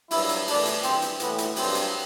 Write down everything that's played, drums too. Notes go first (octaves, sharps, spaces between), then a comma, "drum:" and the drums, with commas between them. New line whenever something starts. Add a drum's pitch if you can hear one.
G2 F#3 E4, drum: open hi-hat
drum: hi-hat
A2 E3 D4, drum: open hi-hat
drum: hi-hat
G2 E3 C4, drum: hi-hat
drum: hi-hat
A2 E3 B3, drum: hi-hat
drum: hi-hat
G2 F#3 C4, drum: open hi-hat
drum: hi-hat